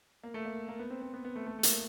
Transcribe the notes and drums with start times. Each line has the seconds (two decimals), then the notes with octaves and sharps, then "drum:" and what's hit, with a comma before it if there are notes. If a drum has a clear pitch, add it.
0.23 A#3
0.34 A3
0.45 A#3
0.68 A#3
0.79 B3
0.90 C4
1.02 C4
1.14 B3
1.25 B3
1.36 A3
1.46 A3
1.59 A3
1.63 A#3, drum: hi-hat